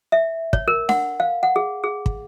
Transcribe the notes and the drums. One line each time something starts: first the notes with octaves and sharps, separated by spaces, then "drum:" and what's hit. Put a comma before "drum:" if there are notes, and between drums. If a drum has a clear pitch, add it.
E5
C#5, drum: kick
A#4
F#5, drum: snare D4
F5
F#5
G#4
G#4
drum: kick